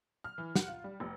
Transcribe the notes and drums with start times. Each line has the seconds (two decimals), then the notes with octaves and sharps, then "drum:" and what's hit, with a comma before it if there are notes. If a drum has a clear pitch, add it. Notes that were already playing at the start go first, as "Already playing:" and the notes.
0.24 F6
0.38 E3
0.55 F#5, drum: snare
0.68 F4
0.84 G3
1.00 F1